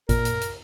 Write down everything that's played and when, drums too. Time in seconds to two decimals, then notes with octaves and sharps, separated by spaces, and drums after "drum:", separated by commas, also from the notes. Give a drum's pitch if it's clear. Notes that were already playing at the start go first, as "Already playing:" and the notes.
0.09 A#2 A#4, drum: kick G#1, hi-hat
0.25 drum: hi-hat
0.41 drum: hi-hat